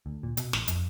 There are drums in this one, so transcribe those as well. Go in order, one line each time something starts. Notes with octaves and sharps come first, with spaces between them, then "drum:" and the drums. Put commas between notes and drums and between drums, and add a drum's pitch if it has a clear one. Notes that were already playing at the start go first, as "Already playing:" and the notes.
D2
A#2
B2, drum: hi-hat
A1, drum: snare
F2, drum: hi-hat